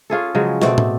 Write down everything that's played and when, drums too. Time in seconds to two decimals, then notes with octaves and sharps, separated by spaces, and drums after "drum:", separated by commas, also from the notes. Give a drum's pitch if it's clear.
0.10 C#4 F4 G#4 A4
0.35 C#3 F3 F#3 G#3
0.62 B2 A3 C4 D5, drum: snare
0.78 drum: tom